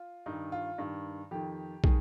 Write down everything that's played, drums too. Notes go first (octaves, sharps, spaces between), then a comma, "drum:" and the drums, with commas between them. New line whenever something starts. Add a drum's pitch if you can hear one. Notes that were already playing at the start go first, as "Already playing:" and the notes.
Already playing: F4
G2 D#3 D#4
F4
G2 D#3
F2 D#3 G4
D#3 G#4, drum: kick